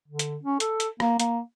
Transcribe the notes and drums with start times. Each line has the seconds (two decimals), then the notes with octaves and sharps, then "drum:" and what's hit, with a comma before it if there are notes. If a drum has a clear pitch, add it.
0.08 D3
0.19 drum: hi-hat
0.44 C#4
0.60 A4, drum: hi-hat
0.80 drum: hi-hat
1.00 A#3, drum: rim click
1.20 A#3, drum: hi-hat